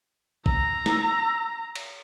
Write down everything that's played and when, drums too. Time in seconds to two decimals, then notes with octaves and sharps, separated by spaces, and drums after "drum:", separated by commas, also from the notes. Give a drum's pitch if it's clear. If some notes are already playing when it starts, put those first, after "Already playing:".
0.46 A#5 E6, drum: kick
0.86 drum: snare
1.75 drum: cymbal